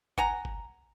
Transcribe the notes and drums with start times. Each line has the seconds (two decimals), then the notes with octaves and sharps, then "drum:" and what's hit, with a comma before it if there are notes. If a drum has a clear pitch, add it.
0.18 F#5 G#5 A#5, drum: kick G1
0.45 drum: kick G1